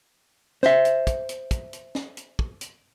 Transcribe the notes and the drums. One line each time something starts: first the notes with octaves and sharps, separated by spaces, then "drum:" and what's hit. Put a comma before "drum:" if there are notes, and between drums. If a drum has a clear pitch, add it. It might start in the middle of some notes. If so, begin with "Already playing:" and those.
C5 E5, drum: snare
drum: hi-hat
drum: kick, hi-hat
drum: hi-hat
drum: kick, hi-hat
drum: hi-hat
drum: snare
drum: hi-hat
drum: kick
drum: hi-hat